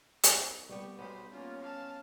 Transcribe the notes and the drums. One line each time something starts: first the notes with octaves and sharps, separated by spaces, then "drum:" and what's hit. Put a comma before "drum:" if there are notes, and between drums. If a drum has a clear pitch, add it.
C2, drum: hi-hat
G3 B3 G4 C#6
B1 B3 C5 B5
A#3 C#4 F4
F5 A5